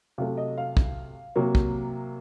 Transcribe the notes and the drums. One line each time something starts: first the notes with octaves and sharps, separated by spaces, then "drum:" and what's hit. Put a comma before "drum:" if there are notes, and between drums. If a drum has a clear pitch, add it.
C3 F#3 A3 F5
D#5
F5
drum: kick
C3 F#3 A#3
drum: kick